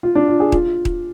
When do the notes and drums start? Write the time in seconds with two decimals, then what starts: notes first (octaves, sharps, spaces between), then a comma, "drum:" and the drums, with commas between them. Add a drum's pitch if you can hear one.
0.03 F4
0.15 D4
0.28 F4
0.40 G#4
0.52 F4, drum: kick D#1
0.85 drum: kick D#1